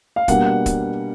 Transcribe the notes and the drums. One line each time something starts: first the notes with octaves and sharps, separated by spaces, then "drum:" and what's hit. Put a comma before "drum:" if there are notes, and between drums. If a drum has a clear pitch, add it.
F5
B2 G3 A#3 D4 F#5, drum: kick, hi-hat
F#5
drum: kick, hi-hat